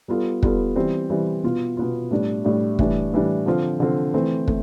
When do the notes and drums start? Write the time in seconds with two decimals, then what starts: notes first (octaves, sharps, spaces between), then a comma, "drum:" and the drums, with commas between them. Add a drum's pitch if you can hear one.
0.08 G3 B3 F4 A4
0.43 G3 B3 F4 A4, drum: kick
0.76 E3 G3 C4
1.10 E3 G3 C4
1.44 B2 B3 F4
1.77 B2 B3 F4
2.11 A2 G3 D4
2.44 A2 G3 D4
2.79 A2 E3 G3 D4, drum: kick
3.12 A2 E3 G3 D4
3.46 D3 F3 C4 F4
3.80 D3 F3 C4 F4
4.14 E3 A3 C4
4.48 A3, drum: kick